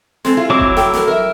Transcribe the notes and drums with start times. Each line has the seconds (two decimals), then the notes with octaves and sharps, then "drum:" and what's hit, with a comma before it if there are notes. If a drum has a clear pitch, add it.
0.25 G#3 C4 A4, drum: snare
0.37 E4 F4 G#4
0.50 F#3 G#3 C4 E4 D6
0.60 drum: kick F#1
0.77 A4 G5, drum: snare
0.93 A3 A#4, drum: snare
1.08 A#4 E5